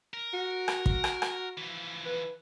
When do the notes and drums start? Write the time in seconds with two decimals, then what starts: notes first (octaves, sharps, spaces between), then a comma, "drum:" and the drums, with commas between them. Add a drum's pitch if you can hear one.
0.14 A#4
0.33 F#4
0.68 drum: rim click
0.86 drum: kick
1.04 drum: rim click
1.22 drum: rim click
1.57 E3 F3
2.05 B4